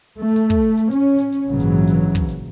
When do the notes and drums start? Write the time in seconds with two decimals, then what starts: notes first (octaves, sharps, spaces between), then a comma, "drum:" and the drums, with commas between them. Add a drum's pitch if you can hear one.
0.19 A3
0.36 drum: open hi-hat
0.50 drum: kick
0.77 drum: hi-hat
0.91 C#4, drum: hi-hat
1.19 drum: hi-hat
1.32 drum: hi-hat
1.50 A#1 G#2 C#3 E3 F#3
1.60 drum: hi-hat
1.87 drum: hi-hat
2.15 drum: kick, hi-hat
2.29 drum: hi-hat